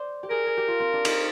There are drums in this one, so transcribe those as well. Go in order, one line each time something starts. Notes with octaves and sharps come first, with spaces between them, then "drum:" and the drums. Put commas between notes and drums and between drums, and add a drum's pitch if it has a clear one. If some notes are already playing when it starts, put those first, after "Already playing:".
Already playing: C5 D5
G4
G#4 A#4
G#4
G4
F4
C4
D4
D#4, drum: cymbal